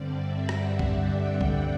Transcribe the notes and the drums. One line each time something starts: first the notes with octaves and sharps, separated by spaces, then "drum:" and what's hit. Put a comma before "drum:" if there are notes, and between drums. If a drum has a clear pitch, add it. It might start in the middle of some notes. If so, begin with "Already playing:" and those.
Already playing: G2 D3 G3 C4 D5
E5
F#5, drum: rim click
drum: kick
G5
G5, drum: kick